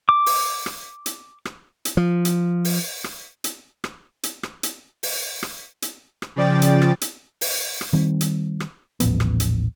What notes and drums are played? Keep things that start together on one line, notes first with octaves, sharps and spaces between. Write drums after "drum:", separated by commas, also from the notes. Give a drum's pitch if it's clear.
D6
drum: open hi-hat
drum: rim click
drum: hi-hat
drum: rim click
drum: hi-hat
F3
drum: hi-hat
drum: open hi-hat
drum: rim click
drum: hi-hat
drum: rim click
drum: hi-hat
drum: rim click
drum: hi-hat
drum: open hi-hat
drum: rim click
drum: hi-hat
drum: rim click
C#3 F3 D5 G5 A6
drum: hi-hat
drum: rim click
drum: hi-hat
drum: open hi-hat
drum: rim click
D#3 G3 C4
drum: hi-hat
drum: rim click
D#1 A1 F3 B3, drum: hi-hat
drum: rim click
drum: hi-hat